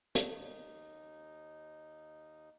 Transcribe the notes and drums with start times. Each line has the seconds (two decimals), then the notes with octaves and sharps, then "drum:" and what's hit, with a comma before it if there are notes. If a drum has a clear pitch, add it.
0.15 D#2 D#4, drum: hi-hat